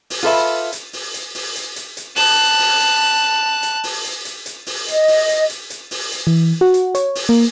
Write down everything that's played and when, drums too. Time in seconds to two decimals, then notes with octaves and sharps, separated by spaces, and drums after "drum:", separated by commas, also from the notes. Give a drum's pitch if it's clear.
0.10 drum: open hi-hat
0.23 F4 A4 B4 E5
0.72 drum: hi-hat
0.93 drum: open hi-hat
1.14 drum: hi-hat
1.35 drum: open hi-hat
1.55 drum: hi-hat
1.76 drum: hi-hat
1.97 drum: hi-hat
2.16 A5 F#6, drum: open hi-hat
2.59 drum: open hi-hat
2.80 drum: hi-hat
3.63 drum: hi-hat
3.84 drum: open hi-hat
4.04 drum: hi-hat
4.25 drum: hi-hat
4.46 drum: hi-hat
4.66 drum: open hi-hat
4.88 D#5, drum: hi-hat
5.08 drum: open hi-hat
5.29 drum: hi-hat
5.49 drum: hi-hat
5.70 drum: hi-hat
5.91 drum: open hi-hat
6.12 drum: hi-hat
6.27 E3
6.61 F#4
6.74 drum: hi-hat
6.95 C#5, drum: hi-hat
7.15 drum: open hi-hat
7.29 A#3